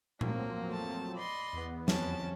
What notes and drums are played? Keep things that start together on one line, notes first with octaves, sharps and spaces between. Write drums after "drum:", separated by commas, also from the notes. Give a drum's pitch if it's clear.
F3 F#3 A#3 C4, drum: tom A#2
A3 A5
D5 D#5 B5 C6
E2 B3
F2 C#4 A5, drum: snare